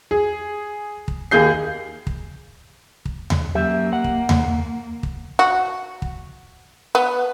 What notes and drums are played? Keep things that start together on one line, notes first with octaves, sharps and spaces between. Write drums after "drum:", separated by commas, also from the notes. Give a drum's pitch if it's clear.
G#4
drum: kick
D#2 A#3 G#4 G6 C7
drum: kick
drum: kick
drum: tom D#2
F#2 A#3 G4 E5
F#5
drum: kick
drum: tom D#2
drum: kick
F#4
drum: kick
B3